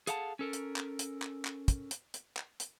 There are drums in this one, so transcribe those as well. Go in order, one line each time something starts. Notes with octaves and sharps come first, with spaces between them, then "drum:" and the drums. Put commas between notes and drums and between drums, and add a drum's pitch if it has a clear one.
G#4 A4 F5 F#5 G#5 A5, drum: hi-hat
C#4 A4 A#4
drum: hi-hat
drum: clap
drum: hi-hat
drum: clap
drum: clap
drum: kick, hi-hat
drum: hi-hat
drum: hi-hat
drum: clap
drum: hi-hat